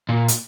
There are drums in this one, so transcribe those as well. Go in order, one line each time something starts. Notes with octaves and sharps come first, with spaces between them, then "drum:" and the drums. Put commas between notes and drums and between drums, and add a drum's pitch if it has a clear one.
A#2
drum: hi-hat